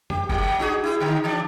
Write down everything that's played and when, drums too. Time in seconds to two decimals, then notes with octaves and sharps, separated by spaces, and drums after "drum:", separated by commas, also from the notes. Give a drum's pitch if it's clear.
0.10 G4, drum: tom
0.29 G3, drum: kick F#1
0.59 D4 F#4 G#4
0.84 E4 G4 G#4
1.00 D3 D#3 D#4
1.24 E3 D4 D5